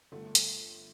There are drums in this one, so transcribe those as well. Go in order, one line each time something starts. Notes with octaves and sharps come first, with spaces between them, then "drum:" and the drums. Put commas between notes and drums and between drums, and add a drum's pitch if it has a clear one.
G1 A3
drum: hi-hat